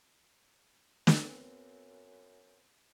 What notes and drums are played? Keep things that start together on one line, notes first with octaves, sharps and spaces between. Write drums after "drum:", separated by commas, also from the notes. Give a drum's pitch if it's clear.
F#2 B3 C4, drum: snare